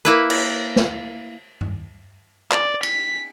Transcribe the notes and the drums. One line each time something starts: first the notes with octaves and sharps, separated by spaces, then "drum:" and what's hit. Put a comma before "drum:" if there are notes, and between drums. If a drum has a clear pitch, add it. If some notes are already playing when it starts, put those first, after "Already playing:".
A#3 E4 B4
drum: cymbal
drum: snare
drum: tom G2
D5, drum: clap
B6, drum: cymbal